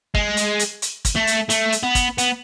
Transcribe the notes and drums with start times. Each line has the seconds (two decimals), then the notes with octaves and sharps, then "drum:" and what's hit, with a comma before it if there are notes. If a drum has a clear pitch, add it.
0.15 G#3, drum: kick
0.37 drum: hi-hat
0.59 drum: hi-hat
0.82 drum: hi-hat
1.05 drum: kick, hi-hat
1.17 A3
1.27 drum: hi-hat
1.50 A3, drum: hi-hat
1.72 drum: hi-hat
1.83 B3
1.95 drum: kick, hi-hat
2.18 B3, drum: hi-hat